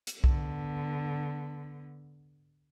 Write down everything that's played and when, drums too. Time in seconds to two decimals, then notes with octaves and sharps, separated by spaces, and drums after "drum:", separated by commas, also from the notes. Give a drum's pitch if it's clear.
0.07 drum: hi-hat
0.24 D3 B3, drum: kick B1